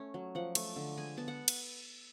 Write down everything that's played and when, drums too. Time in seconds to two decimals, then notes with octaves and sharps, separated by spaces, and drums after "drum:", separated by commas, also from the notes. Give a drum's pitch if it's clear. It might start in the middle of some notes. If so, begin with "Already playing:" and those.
Already playing: A3 C#4
0.14 F#3
0.35 F3 F#5
0.55 A3, drum: cymbal
0.76 D3
0.97 G#3 G#5
1.17 B3 A5
1.28 F#5
1.48 drum: cymbal